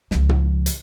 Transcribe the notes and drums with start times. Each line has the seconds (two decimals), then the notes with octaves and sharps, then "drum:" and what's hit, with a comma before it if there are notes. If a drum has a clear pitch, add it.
0.11 C#2 F3, drum: snare
0.29 drum: tom
0.66 drum: hi-hat